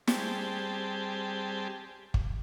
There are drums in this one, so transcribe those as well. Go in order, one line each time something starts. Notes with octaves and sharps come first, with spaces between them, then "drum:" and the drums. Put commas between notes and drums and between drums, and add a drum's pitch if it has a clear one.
G3 C4 G4 G#4 A5, drum: snare
drum: kick